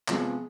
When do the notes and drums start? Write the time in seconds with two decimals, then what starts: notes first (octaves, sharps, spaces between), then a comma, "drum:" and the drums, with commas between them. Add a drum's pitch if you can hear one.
0.08 C3 F3 G#3 B3, drum: clap